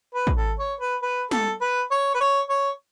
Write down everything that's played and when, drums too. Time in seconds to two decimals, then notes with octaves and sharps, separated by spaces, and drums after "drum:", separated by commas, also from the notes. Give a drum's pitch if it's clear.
0.14 B4
0.27 drum: kick
0.37 A4
0.59 C#5
0.80 B4
1.02 B4
1.31 A4, drum: snare
1.61 B4
1.91 C#5
2.15 B4
2.20 C#5
2.49 C#5